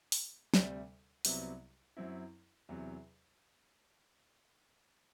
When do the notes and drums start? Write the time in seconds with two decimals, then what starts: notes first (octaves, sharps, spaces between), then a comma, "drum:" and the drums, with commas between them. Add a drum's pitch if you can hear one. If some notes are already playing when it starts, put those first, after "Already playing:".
0.12 drum: open hi-hat
0.54 D2 C3 G3, drum: snare
1.25 C2 C3 F#3 B3, drum: open hi-hat
1.97 F#2 F#3 C4 E4
2.69 E2 C3 F#3